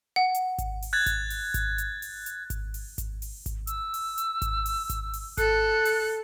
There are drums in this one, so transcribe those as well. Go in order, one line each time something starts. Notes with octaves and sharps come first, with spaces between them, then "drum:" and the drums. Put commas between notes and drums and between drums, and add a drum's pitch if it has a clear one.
F#5
drum: hi-hat
drum: kick G#1, hi-hat
drum: open hi-hat
F#6 G#6 A6
drum: kick G#1, hi-hat
drum: open hi-hat
drum: kick G#1, hi-hat
drum: hi-hat
drum: open hi-hat
drum: hi-hat
drum: kick G#1, hi-hat
drum: open hi-hat
drum: kick G#1, hi-hat
drum: open hi-hat
drum: kick G#1, hi-hat
E6, drum: hi-hat
drum: open hi-hat
drum: hi-hat
drum: kick G#1, hi-hat
drum: open hi-hat
drum: kick G#1, hi-hat
drum: open hi-hat
A4 F#6, drum: kick G#1, hi-hat
drum: open hi-hat